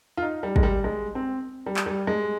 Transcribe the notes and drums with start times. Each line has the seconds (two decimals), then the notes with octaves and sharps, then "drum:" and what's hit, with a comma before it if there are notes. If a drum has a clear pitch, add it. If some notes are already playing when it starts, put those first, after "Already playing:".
0.17 F4
0.22 D#4
0.43 G3
0.56 G#3, drum: kick
0.63 G3
0.84 G#3
1.15 C4
1.66 G3
1.77 drum: clap
1.86 G3
2.07 G#3